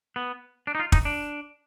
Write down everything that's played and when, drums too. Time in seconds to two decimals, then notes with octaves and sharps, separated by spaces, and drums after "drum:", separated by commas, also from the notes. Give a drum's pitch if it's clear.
0.16 B3
0.67 D4
0.75 D#4
0.80 F4
0.92 D#4, drum: kick
1.05 D4